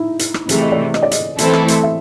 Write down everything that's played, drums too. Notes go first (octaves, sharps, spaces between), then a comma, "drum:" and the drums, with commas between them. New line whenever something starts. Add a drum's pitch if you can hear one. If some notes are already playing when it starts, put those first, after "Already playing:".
Already playing: D#4 E4
drum: hi-hat
drum: rim click
C3 E3 A3 G#4, drum: hi-hat
D#5
D5
D#5, drum: rim click
D5
D#5, drum: hi-hat
E3 A3 C4 E4 A4, drum: hi-hat
drum: rim click
drum: hi-hat
E5